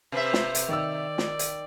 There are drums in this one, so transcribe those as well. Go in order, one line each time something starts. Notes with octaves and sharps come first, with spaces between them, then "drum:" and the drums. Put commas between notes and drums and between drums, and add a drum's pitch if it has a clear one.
C3 B4 C5 E5
drum: snare
drum: hi-hat
D#3 D5 E6
drum: snare
drum: hi-hat